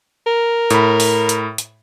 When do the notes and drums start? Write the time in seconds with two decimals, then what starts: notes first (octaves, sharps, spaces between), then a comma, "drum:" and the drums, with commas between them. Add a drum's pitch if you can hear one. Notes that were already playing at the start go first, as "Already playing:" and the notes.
0.27 A#4
0.70 A2 B5, drum: hi-hat
1.00 drum: open hi-hat
1.29 drum: hi-hat
1.58 drum: hi-hat